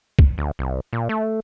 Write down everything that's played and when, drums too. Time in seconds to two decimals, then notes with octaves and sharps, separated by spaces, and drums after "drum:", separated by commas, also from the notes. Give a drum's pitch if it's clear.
0.19 drum: kick
0.38 D2
0.59 C2
0.93 A#2
1.09 A3